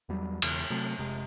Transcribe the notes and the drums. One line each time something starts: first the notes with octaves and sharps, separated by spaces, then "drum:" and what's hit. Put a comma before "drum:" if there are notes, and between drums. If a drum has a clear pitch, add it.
E2 F#3 G3
E1 E2 C#3, drum: cymbal
C3 F#3 A3
F1 C3 G#3